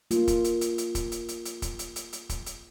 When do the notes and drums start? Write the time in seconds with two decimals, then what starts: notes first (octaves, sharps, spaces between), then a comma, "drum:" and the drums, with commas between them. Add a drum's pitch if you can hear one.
0.11 A#3 F4, drum: hi-hat
0.27 drum: kick, hi-hat
0.44 drum: hi-hat
0.61 drum: hi-hat
0.78 drum: hi-hat
0.95 drum: kick, hi-hat
1.12 drum: hi-hat
1.28 drum: hi-hat
1.45 drum: hi-hat
1.62 drum: kick, hi-hat
1.79 drum: hi-hat
1.96 drum: hi-hat
2.13 drum: hi-hat
2.29 drum: kick, hi-hat
2.46 drum: hi-hat